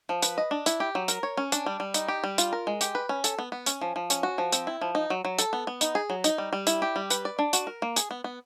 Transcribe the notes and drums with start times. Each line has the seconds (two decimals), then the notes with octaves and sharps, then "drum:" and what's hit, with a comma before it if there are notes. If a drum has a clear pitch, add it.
0.09 F3
0.22 B4, drum: hi-hat
0.38 D#5
0.51 D4
0.66 E4, drum: hi-hat
0.80 G4
0.95 F#3
1.08 A#4, drum: hi-hat
1.23 C#5
1.37 C#4
1.52 D4, drum: hi-hat
1.66 G3
1.80 G3
1.94 D#4, drum: hi-hat
2.08 G4
2.24 G3
2.38 F4, drum: hi-hat
2.53 A#4
2.67 G#3
2.81 G4, drum: hi-hat
2.95 B4
3.09 C#4
3.24 A4, drum: hi-hat
3.38 B3
3.52 B3
3.66 C#4, drum: hi-hat
3.81 F3
3.96 F3
4.10 C#4, drum: hi-hat
4.23 F#4
4.38 F3
4.52 C4, drum: hi-hat
4.67 E4
4.81 F3
4.95 D#4
5.10 F#3
5.25 F#3
5.38 A4, drum: hi-hat
5.53 B3
5.67 B3
5.81 D#4, drum: hi-hat
5.95 G#4
6.10 F#3
6.24 D#4, drum: hi-hat
6.38 G3
6.53 G3
6.67 E4, drum: hi-hat
6.82 G4
6.96 G3
7.10 B4, drum: hi-hat
7.25 D5
7.39 D4
7.53 F#4, drum: hi-hat
7.67 A#4
7.82 A#3
7.96 G#4, drum: hi-hat
8.11 B3
8.24 B3